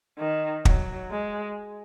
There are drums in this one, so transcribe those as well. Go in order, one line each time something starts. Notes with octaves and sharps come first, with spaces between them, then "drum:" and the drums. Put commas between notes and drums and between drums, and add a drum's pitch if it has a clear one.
D#3
F#3, drum: kick
G#3